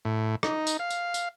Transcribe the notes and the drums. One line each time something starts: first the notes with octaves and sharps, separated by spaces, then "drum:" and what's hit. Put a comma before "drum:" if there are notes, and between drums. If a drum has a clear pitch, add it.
A2
D#4, drum: rim click
drum: tambourine
F5
drum: tambourine
drum: tambourine